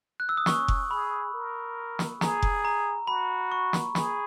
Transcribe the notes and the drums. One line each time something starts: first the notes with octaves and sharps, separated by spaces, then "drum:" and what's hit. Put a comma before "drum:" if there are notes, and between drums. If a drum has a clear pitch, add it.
F#6
E6
D#6
C#4 C#6, drum: snare
drum: kick F1
G#4 B5
A#4
drum: snare
G#4 A#5, drum: snare
drum: kick F1
A#5
F#4 B5
C#6
drum: snare
G#4 B5, drum: snare